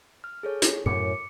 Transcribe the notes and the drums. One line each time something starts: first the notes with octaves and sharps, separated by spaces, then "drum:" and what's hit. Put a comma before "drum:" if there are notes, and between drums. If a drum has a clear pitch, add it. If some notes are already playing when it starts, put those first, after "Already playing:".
F6
G#4 A4 C#5
drum: hi-hat
F#2 A2 D6 C#7